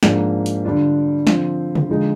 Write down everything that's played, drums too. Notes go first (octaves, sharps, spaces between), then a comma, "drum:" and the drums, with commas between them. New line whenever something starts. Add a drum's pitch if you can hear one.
G#2 F3 A#3 D4, drum: snare
drum: hi-hat
D3 G3 D4 F4
D3 F3 C4, drum: snare
drum: tom
D3 F3 G#3 D#4